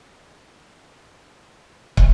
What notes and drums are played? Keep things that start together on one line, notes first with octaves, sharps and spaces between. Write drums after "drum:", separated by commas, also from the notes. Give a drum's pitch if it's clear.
A#3 C#4 D#4 E4 G#4
drum: kick